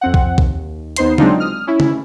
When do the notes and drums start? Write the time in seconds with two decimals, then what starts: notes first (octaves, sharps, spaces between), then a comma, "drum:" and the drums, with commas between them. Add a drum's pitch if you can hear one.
0.01 F2 C4 F#5
0.14 drum: kick B1
0.38 D#2, drum: kick B1
0.96 D#2 B3 D#4 C5 C6 C7, drum: hi-hat
1.18 F#3 G#3 C4 D4 D#4 F4, drum: tom C#3
1.40 D#6 F6
1.67 C#4 E4
1.80 drum: tom C#3